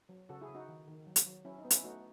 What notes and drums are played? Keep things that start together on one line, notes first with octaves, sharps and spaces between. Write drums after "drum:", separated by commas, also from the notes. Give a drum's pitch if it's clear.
F#3
C#3 F#4 A4
E4 G#4
C#3
D#4 F#4
D#3
D#3
F#3
drum: hi-hat
F#3
F#3 C#4 E4
D#4
B3
C#4 E4, drum: hi-hat
A3 D#4 F#4